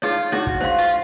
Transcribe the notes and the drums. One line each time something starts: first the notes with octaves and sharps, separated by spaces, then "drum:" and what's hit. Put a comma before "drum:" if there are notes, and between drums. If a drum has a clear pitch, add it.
D#4 F4 G#4 C#5, drum: snare D4
D#4 F#4 G#4 C#5, drum: snare D4
drum: kick
C5 F5 C6, drum: snare D4
F4